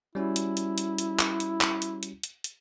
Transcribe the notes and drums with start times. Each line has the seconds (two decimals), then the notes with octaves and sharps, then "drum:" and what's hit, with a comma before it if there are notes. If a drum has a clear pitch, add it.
0.15 G3 C#4 E4 F#4
0.36 drum: hi-hat
0.57 drum: hi-hat
0.78 drum: hi-hat
0.98 drum: hi-hat
1.19 drum: clap
1.40 drum: hi-hat
1.61 drum: clap
1.82 drum: hi-hat
2.03 drum: hi-hat
2.23 drum: hi-hat
2.44 drum: hi-hat